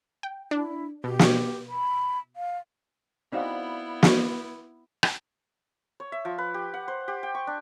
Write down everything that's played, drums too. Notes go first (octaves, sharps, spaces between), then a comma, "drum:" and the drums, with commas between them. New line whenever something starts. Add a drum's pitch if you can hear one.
G5
D4 E4
B2 G4
drum: snare
B5
F5
B3 C4 D#4 E4 F#4 D5 F5
drum: snare
drum: rim click
C#5
E5
F3
B4
G4
F#5
C5
G4
G5
C#6
D4